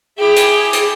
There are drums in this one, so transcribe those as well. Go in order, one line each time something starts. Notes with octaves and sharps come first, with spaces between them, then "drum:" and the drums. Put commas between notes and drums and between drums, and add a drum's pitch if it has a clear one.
E4 G4 G#4
drum: hi-hat
drum: hi-hat